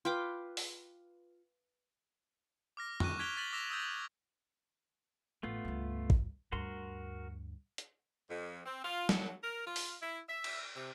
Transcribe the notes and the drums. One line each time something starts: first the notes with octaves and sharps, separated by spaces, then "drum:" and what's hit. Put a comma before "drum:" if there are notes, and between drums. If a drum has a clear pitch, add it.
F4 B4 G5 D6
drum: open hi-hat
D6 F6 A#6
C#6 F#6 D#7, drum: tom
F#6 G#6 B6 D7 F7 G7
D6 A6 B6 D#7 F#7 G7
D6 E6 A#6 E7 F7
D#6 E6 G6 F7
A1 A3 B3 F4
C#2 G2
drum: kick
D2 G2 F#4 A#4 C6
drum: hi-hat
F2
C4
F4
F#3, drum: snare
A#4
F4
drum: open hi-hat
E4
E5
drum: cymbal
C3